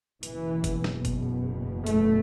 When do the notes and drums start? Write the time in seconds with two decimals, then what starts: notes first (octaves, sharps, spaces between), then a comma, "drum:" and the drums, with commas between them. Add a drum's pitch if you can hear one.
0.23 F#1 E2 B2 E3, drum: hi-hat
0.64 drum: kick, hi-hat
0.84 drum: snare
1.05 drum: kick, hi-hat
1.86 A3, drum: hi-hat